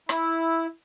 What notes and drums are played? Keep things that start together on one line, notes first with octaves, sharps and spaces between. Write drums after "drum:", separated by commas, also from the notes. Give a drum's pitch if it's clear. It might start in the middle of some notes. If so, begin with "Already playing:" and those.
E4, drum: rim click